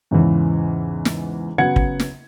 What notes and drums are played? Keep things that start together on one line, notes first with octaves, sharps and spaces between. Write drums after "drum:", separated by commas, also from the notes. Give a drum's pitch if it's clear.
E2 G#2 C#3 E3
drum: snare
C#3 F#3 B3 F#5 G#6 C#7
drum: kick
drum: snare